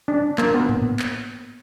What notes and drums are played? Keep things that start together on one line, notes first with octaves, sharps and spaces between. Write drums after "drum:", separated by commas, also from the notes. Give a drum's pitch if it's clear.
D4
A#3, drum: clap
B3
drum: tom G#2
drum: clap